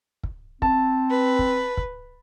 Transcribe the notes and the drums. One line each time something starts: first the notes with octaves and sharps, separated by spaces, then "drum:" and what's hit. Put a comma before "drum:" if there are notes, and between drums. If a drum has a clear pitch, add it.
drum: kick
C4 A5, drum: kick
B4
drum: kick
drum: kick